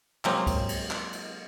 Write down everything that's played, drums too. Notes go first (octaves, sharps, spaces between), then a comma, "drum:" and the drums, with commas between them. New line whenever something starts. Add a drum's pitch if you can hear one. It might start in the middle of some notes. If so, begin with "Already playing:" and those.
C3 F#3 G#3 A#3 C4 C#4, drum: clap
drum: kick C#2, cymbal
drum: cymbal
drum: clap
drum: cymbal